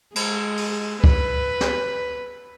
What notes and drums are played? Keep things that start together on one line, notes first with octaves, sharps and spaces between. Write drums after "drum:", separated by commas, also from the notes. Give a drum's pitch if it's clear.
G#3, drum: cymbal
drum: open hi-hat
B4, drum: kick C#2
drum: snare